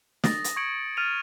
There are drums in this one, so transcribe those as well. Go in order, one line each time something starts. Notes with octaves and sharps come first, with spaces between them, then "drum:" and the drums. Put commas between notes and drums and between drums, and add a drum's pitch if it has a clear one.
D#6 A6 A#6, drum: snare
drum: hi-hat
C#6 G#6 C#7 D7 F#7
F6 A6 D#7 F7